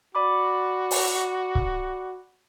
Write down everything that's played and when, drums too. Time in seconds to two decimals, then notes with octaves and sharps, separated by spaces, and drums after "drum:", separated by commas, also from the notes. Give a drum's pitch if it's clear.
0.15 F#4 D5 B5 D6
0.91 drum: open hi-hat
1.55 drum: kick C#1